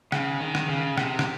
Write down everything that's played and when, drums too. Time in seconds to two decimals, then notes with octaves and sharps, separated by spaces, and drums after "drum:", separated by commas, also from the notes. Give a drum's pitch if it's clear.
0.12 C#3, drum: rim click
0.40 D#3
0.55 drum: rim click
0.69 C#3
0.98 C3, drum: rim click
1.19 drum: rim click